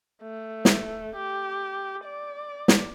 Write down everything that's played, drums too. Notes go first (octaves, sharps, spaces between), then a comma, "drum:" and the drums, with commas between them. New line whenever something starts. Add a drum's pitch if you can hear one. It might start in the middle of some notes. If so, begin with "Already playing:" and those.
A3
drum: snare
G4
D5
drum: snare